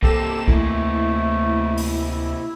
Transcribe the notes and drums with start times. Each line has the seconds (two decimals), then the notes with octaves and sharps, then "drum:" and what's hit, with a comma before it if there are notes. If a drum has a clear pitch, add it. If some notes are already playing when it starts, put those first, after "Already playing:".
0.03 C3 A#3 G4 A4 E7, drum: kick B1
0.48 D2 A3 E4, drum: kick B1
1.77 drum: open hi-hat